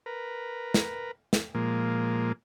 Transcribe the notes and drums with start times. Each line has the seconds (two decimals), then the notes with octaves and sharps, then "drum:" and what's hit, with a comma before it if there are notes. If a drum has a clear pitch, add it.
0.06 A#4 B4
0.74 drum: snare
1.33 drum: snare
1.55 A#2 F3 G#3 A#3